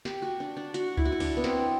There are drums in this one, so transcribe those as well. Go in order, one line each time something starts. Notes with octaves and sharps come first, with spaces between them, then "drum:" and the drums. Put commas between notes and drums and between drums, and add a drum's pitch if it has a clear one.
G4, drum: snare
F#4
D4
D4
F#4, drum: hi-hat
E4, drum: kick C#2
F#4
E4
D4, drum: open hi-hat
B3
C4, drum: snare